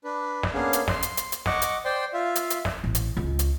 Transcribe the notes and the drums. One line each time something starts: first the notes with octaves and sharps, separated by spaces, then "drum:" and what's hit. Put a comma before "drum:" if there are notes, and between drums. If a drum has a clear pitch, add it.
D4 B4
drum: snare
A#3 B3 C#4 D4 G#4 F5
drum: hi-hat
C6, drum: snare
drum: hi-hat
drum: hi-hat
drum: hi-hat
D#5 F#5 C#6 D6, drum: snare
drum: hi-hat
C5 D5 G5 C6
F4 E5 F5
drum: hi-hat
drum: hi-hat
drum: snare
A1
drum: hi-hat
C#2
drum: hi-hat